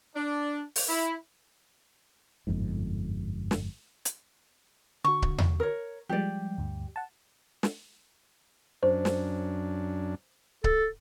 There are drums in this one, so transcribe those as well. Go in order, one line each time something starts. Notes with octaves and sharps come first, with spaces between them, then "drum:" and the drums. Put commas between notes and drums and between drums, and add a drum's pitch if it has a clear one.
D4
drum: open hi-hat
E4
G1 F2 G#2
drum: snare
drum: hi-hat
D3 F#4 C#6
drum: kick C#1
drum: tom E2
A#4 C#5
F3 G3 G#3 G4 D5
D2 G2
F#5 A5
drum: snare
F#2 D4 C5
drum: snare
A4, drum: kick C#1